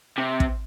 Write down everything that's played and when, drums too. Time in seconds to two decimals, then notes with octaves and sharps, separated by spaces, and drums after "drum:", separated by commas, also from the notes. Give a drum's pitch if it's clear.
0.18 C3
0.40 drum: kick